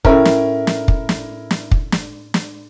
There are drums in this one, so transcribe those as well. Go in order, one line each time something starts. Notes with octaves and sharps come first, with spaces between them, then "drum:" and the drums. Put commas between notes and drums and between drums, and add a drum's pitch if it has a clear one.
A2 C#4 E4 A#4, drum: kick
drum: snare
drum: snare
drum: kick
drum: snare
drum: snare
drum: kick
drum: snare
drum: snare